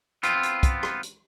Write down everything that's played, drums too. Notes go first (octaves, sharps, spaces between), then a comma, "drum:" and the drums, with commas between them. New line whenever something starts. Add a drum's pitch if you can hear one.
B3 C4 F4, drum: hi-hat
drum: hi-hat
drum: kick, hi-hat
drum: rim click
drum: hi-hat